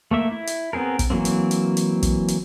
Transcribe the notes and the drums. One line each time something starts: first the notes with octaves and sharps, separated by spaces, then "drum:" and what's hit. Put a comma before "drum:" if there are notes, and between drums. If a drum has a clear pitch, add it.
A3 A#3 E5
E4
drum: hi-hat
B3 C4 G#4 A#4
drum: kick, hi-hat
E3 F#3 G3 A#3 C4
drum: hi-hat
drum: hi-hat
drum: hi-hat
drum: kick, hi-hat
drum: hi-hat